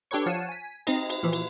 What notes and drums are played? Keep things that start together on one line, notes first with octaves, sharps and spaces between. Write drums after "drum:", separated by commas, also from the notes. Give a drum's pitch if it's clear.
D4 G4 A4 B4 C#5 C#6
F3 C#5 F5 F#5 A5 D#7
G#5 B6
C4 D#4 D#5, drum: cymbal
drum: cymbal
A#2 E3 F3
drum: cymbal